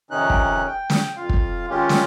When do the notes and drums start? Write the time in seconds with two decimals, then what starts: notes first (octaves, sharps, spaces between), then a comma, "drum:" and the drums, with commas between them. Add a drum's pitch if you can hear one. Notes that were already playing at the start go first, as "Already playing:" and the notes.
0.11 F2 C3 D#3 C#4 D#4 F#6
0.30 drum: kick
0.67 G5
0.90 drum: snare
1.17 F2 F4 F5
1.29 drum: kick
1.69 D#3 G#3 C#4 F4 G4
1.89 drum: snare